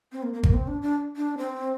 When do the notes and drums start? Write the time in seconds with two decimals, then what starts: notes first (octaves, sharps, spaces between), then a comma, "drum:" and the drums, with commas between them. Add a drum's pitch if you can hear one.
0.12 C4
0.23 A#3
0.33 A#3
0.43 A#3, drum: kick G#1
0.54 C4
0.67 D4
0.82 D4
1.17 D4
1.38 C4